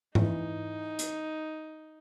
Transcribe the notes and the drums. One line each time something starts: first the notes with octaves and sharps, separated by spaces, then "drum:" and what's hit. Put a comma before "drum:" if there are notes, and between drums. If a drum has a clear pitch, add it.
E3 D#4, drum: tom G#2
drum: hi-hat